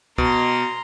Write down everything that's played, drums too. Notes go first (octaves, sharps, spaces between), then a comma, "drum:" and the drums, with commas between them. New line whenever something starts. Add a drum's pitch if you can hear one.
B2 A#5 C6, drum: kick